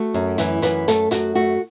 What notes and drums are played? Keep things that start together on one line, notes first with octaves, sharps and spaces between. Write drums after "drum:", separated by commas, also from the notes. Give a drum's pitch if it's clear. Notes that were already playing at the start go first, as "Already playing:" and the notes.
Already playing: A3 F#4
F#2
E3 E4, drum: hi-hat
F#2 B4, drum: hi-hat
A3 A4, drum: hi-hat
F#2 F#4, drum: hi-hat
A3 F#4